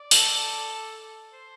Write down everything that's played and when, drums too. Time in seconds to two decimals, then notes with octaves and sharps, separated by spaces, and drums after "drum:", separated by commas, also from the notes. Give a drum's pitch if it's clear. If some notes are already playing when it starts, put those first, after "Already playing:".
Already playing: D5
0.11 A4, drum: open hi-hat
1.33 C5